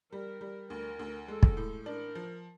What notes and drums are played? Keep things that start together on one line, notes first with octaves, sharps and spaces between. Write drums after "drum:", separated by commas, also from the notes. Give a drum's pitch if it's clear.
G3 A#4
G3
D2 A#4
D2
G#3 A4
drum: kick
A2
D4 A#4
F3